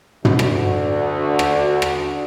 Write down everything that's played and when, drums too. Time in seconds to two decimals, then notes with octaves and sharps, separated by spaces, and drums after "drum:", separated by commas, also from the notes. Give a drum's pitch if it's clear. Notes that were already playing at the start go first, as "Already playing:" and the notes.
0.25 D2 D4 F#4, drum: tom
0.39 drum: rim click
1.39 drum: rim click
1.82 drum: rim click